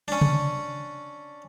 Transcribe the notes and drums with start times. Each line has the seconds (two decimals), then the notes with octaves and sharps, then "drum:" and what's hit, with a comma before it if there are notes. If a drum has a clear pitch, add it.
0.08 C#4 D4
0.21 drum: tom C3